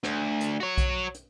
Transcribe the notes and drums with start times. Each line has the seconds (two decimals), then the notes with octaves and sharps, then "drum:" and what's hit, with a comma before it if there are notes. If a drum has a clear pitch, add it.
0.03 D2, drum: rim click
0.41 drum: hi-hat
0.60 F#4 C#5
0.78 drum: kick B1, hi-hat
1.15 drum: hi-hat